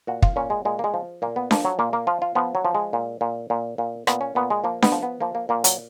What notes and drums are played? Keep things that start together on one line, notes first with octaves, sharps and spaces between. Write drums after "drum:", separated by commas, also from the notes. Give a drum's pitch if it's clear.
A#2 F#4
F4, drum: kick
A#2 C#4
G#3
A#2 G#3
A#3
G#3
F3
A#2 A#3
B3
F3 A#3, drum: snare D4
F#3
A#2 A#3
A#3
F3 F4
F4
F3 B3
F#3
F3
G#3
A#2
A#2
A#2
A#2
A#2 B3, drum: rim click
C#4
A#2 B3
G#3
F3 A#3
B3, drum: snare D4
F3
B3
F3 A#3
A#3
A#2 A#3
F#3, drum: hi-hat